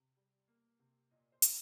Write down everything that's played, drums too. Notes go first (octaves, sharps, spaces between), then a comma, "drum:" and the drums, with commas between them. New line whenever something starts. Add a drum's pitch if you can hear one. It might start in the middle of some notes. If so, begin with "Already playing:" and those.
Already playing: C3
G3
A#3
C3
A#2 D#5
C5
G3, drum: hi-hat